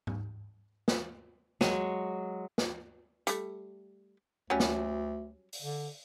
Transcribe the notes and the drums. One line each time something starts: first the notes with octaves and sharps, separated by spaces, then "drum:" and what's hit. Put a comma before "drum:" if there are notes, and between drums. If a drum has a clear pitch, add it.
drum: tom G#2
drum: snare
F#3 G#3, drum: snare
drum: snare
G3 A3, drum: hi-hat
D2 F#3 G3 C#4
drum: snare
drum: open hi-hat
D3